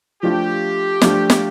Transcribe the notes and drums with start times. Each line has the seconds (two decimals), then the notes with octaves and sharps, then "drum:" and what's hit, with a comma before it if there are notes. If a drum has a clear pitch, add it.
0.23 F3 A3 D4 F4 G4
1.01 F3 A3 D4 F4, drum: snare
1.30 drum: snare